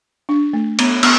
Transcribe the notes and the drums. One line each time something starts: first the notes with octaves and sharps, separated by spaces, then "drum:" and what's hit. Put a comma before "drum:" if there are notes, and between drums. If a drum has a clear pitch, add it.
D4
A3
B3, drum: cymbal
B3, drum: cymbal